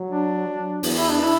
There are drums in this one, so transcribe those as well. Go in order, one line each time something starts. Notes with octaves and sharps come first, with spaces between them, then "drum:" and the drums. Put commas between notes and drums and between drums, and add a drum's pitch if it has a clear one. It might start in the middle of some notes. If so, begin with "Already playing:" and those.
Already playing: F#3
D4
F#3
E2, drum: open hi-hat
E4
D4
E4